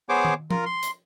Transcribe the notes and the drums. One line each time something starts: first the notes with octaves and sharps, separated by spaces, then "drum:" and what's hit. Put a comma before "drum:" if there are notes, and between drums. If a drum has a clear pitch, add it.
B3 G#4 C5 C#5 D6
drum: tom D#3
F4 A#4, drum: tom F3
C6
drum: hi-hat